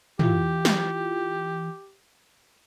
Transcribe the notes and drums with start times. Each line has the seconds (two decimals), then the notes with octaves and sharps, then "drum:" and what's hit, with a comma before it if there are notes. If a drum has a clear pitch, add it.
0.19 E3 E4 F4 G4, drum: tom
0.65 drum: snare